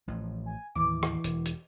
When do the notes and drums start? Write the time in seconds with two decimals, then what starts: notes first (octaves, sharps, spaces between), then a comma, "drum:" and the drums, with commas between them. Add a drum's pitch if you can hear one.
0.08 A1 A2 F3
0.46 G#5
0.75 D#2 A2 E3 D6
1.03 drum: rim click
1.24 E1, drum: hi-hat
1.46 drum: hi-hat